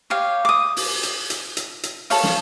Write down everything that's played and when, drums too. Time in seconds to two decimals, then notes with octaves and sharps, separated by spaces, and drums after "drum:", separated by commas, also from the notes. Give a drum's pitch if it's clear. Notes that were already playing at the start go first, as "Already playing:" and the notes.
0.10 G4 C#5 F5
0.45 D6 D#6
0.76 drum: open hi-hat
1.03 drum: hi-hat
1.30 drum: hi-hat
1.57 drum: hi-hat
1.83 drum: hi-hat
2.10 A4 C#5 F5, drum: open hi-hat
2.24 drum: snare